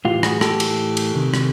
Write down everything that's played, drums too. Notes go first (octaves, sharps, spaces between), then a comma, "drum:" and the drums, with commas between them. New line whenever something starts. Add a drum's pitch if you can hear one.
A2 E3 F4 G4
F#4 G#4, drum: rim click
G4 A4, drum: rim click
drum: cymbal
drum: cymbal
C3 D#3
drum: rim click